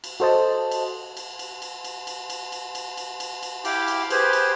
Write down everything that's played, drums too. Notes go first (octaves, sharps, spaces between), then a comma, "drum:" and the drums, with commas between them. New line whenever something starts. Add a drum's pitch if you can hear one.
drum: cymbal
F#4 A4 C5 D#5 A5
drum: cymbal
drum: cymbal
drum: cymbal
drum: cymbal
drum: cymbal
drum: cymbal
drum: cymbal
drum: cymbal
drum: cymbal
drum: cymbal
drum: cymbal
drum: cymbal
E4 G4 F5 G5 D6, drum: cymbal
drum: cymbal
G4 G#4 B4 C5, drum: cymbal
drum: cymbal